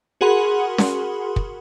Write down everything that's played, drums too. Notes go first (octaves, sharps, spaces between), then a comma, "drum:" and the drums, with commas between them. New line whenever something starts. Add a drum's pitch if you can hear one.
F#4 G#4 A#4 F#5 B5 C6
drum: snare C#4
drum: kick